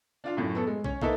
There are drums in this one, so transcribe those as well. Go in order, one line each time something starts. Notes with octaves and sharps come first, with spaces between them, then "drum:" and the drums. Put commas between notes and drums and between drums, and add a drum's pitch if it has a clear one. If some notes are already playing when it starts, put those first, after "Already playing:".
D4 F4 F5
F#2 A2
B3 A4
G#3
C#4 C#5, drum: kick
A#3 D#4 A4 B4 E5, drum: kick